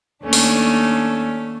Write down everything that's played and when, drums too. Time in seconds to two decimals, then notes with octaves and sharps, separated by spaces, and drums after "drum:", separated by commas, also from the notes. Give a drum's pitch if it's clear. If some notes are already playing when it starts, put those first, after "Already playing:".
0.23 D#2 A3 C#4 D4
0.33 drum: open hi-hat